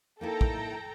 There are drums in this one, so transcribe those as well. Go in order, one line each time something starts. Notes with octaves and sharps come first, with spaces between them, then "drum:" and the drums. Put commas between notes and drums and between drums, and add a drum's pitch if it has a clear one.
A#3 D#4 E4 A4 G5 A#5
drum: kick